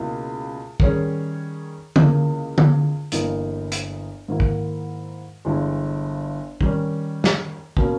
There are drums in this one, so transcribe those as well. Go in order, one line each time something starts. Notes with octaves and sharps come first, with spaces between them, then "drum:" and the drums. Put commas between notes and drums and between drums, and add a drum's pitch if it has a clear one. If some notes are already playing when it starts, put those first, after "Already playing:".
Already playing: C#2 B2 A#3 E4
D#3 G3 C#4 G#4 C#5, drum: kick
C#2 C#3 E3 A#3, drum: tom D3
drum: tom D3
G1 G2 E3 A#3 D#4, drum: hi-hat
drum: hi-hat
G#2 D#3 A#3 E4
drum: kick
G1 G2 E3 G#3
D#3 G3 C#4, drum: kick
drum: snare
B2 A#3 C#4, drum: kick